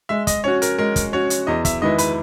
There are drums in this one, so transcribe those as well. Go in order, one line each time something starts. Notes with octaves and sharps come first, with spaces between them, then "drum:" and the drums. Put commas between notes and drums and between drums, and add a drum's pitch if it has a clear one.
G#3 E5
D#5, drum: kick, hi-hat
C#4 F#4 C#5
A#4, drum: hi-hat
G#3 A#4
drum: kick, hi-hat
C#4 F#4 C#5
drum: hi-hat
E2 D#5
E5, drum: kick, hi-hat
D#3 G#3 B3 E4 D#5
B4, drum: hi-hat